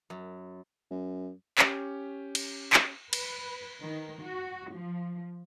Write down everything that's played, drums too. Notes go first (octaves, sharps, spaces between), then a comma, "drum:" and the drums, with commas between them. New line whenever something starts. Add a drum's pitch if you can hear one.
F#2
F#2
C#4 G4, drum: clap
drum: cymbal
drum: clap
B4, drum: cymbal
D#3
F#4
F3